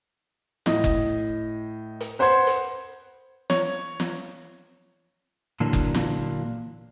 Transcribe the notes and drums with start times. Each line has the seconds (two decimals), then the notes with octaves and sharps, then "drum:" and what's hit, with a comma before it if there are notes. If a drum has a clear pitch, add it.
0.66 A2 D#5, drum: snare
0.84 drum: kick F#1
2.00 drum: hi-hat
2.19 B4 C5 F#5 C6 G#6
2.47 drum: hi-hat
3.50 C#5, drum: snare
4.00 drum: snare
5.60 A#2 D3 E3 F#3 A#3 D4
5.73 drum: kick F#1
5.95 drum: snare